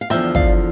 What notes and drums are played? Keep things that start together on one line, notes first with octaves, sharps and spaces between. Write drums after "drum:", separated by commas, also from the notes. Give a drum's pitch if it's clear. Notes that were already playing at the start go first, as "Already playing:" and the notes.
F5
E2 D3 F3 E5 G5, drum: rim click
D5 F5, drum: kick